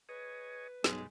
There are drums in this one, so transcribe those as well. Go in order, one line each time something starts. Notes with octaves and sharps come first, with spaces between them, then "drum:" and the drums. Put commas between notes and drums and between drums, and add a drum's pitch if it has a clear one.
G#4 B4 C#5 D#5
B1 G2 B2 G#3, drum: snare